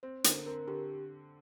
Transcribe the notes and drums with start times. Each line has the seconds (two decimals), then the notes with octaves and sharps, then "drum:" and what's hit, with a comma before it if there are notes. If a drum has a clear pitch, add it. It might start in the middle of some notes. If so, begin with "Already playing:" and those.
0.03 C4 C5
0.24 D3 A#4, drum: hi-hat
0.46 C4 A#4
0.67 D3 G4